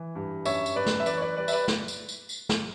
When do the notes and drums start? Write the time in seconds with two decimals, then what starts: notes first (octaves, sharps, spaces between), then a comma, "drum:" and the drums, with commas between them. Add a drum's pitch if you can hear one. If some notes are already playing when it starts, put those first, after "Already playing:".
Already playing: E3
0.15 G2
0.45 F#2 C#5 E5, drum: tambourine
0.66 drum: tambourine
0.76 F#2 B4 D5
0.86 drum: snare
1.00 E5
1.06 E3 B4 D5, drum: tambourine
1.17 C#5
1.22 B4 D5
1.37 G3 B4 D5
1.48 E5, drum: tambourine
1.52 B4 D5
1.68 drum: snare
1.88 drum: tambourine
2.09 drum: tambourine
2.29 drum: tambourine
2.49 drum: snare